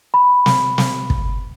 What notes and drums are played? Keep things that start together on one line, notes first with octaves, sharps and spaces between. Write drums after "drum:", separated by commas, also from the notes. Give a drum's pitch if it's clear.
B5
drum: snare
drum: snare
drum: kick